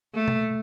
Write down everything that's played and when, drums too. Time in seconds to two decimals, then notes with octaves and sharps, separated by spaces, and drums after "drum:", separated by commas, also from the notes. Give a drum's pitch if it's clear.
0.14 A3
0.28 drum: tom B2